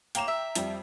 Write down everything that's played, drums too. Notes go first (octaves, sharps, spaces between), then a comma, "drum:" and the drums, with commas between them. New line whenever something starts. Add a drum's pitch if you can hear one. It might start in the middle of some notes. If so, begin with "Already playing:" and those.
A#3 C#5 G5 A#5 E7, drum: hi-hat
E5
F2 G3 G5, drum: hi-hat